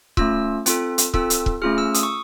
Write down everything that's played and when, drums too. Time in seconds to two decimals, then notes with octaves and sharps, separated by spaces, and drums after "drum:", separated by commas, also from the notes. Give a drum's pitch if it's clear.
0.17 A3 C#4 F4 E6, drum: kick
0.66 C4 F4 A4, drum: hi-hat
0.98 drum: hi-hat
1.14 C4 F4 A4 E6, drum: kick
1.30 drum: hi-hat
1.46 drum: kick
1.62 A3 C#4 F4 G#4 F6
1.78 E6
1.94 D#6, drum: hi-hat
2.03 C#6